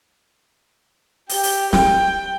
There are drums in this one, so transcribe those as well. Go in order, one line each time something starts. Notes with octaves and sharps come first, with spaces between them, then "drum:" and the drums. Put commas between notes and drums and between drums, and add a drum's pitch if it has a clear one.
G4, drum: open hi-hat
drum: open hi-hat
G5, drum: snare